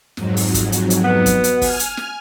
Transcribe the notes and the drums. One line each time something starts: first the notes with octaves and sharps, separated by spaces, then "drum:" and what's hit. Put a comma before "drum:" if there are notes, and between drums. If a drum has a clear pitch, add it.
F2 G#2 F#3, drum: snare
drum: open hi-hat
drum: kick, hi-hat
drum: hi-hat
drum: hi-hat
B2 B3
drum: kick, hi-hat
drum: hi-hat
G#5 F6, drum: kick, open hi-hat
drum: hi-hat
drum: snare